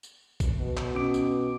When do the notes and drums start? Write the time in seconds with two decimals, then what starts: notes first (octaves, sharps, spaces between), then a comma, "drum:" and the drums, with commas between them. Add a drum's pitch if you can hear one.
0.03 drum: tambourine
0.40 drum: kick A#1, tambourine
0.59 B2
0.77 drum: clap
0.95 C#4 D6 D7
1.14 drum: tambourine